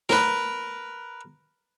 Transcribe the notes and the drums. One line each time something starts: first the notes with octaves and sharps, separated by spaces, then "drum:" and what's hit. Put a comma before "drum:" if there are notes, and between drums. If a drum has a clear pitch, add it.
A#4 B4, drum: snare